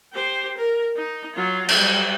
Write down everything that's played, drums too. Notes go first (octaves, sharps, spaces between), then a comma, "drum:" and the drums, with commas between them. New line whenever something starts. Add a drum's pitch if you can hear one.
G4 C5
A#4
D#4
F#3 F4
F#3 G3, drum: cymbal